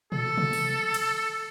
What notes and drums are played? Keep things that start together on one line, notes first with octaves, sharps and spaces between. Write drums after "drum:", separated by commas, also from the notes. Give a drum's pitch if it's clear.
A4, drum: tom A#2
drum: tom C3
drum: open hi-hat
drum: cymbal